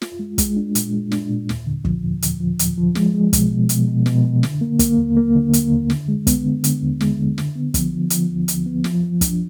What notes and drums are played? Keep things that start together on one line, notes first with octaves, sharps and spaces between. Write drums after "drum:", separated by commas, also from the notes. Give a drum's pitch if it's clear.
F4, drum: snare
G#3
G#3, drum: kick, hi-hat
D4
A#2, drum: hi-hat
G#3
D4, drum: snare
A#2
D#2, drum: snare
D3
F3, drum: kick
D#2
D#2, drum: hi-hat
F3
D#2, drum: hi-hat
F3
G#3, drum: snare
G#3
B2, drum: kick, hi-hat
B2
B2, drum: hi-hat
B2
B2, drum: snare
B2
D3, drum: snare
A#3
A#3, drum: kick, hi-hat
D#2
A#3
D3
D#2, drum: hi-hat
D#2
D3, drum: snare
G#3
B3, drum: kick, hi-hat
D3
D3, drum: hi-hat
D#2
G#3, drum: snare
D3
D3, drum: snare
B3
F3, drum: kick, hi-hat
F3
F3, drum: hi-hat
D2
D2, drum: hi-hat
B3
F3, drum: snare
F3
D4, drum: kick, hi-hat